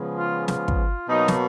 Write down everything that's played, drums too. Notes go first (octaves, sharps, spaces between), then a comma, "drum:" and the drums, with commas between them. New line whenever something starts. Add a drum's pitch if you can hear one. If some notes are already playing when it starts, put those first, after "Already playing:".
Already playing: C#3 F3 G#3 B3
F4
F4, drum: snare
drum: kick
B2 F#3 A#3 D#4
drum: snare